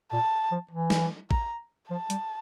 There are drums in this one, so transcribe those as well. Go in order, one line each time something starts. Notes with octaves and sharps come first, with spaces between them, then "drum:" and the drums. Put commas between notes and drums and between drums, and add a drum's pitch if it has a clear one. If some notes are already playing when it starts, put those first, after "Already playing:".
A#2 A5
F3
E3
drum: snare
A#5, drum: kick A1
F3 A5
G3, drum: hi-hat